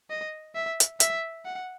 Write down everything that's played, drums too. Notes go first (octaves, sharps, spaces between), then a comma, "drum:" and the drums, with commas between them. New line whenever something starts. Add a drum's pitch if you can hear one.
D#5
E5
drum: hi-hat
E5, drum: hi-hat
F#5